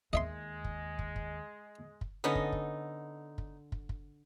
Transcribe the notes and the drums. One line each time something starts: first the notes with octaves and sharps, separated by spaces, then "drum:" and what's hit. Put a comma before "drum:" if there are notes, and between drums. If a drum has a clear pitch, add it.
D#2 G#3 D#5 E5 C6
drum: kick
drum: kick
drum: kick
drum: kick
D3 B3 C#4 D#4 A4 D#5
drum: kick
drum: kick
drum: kick
drum: kick
drum: kick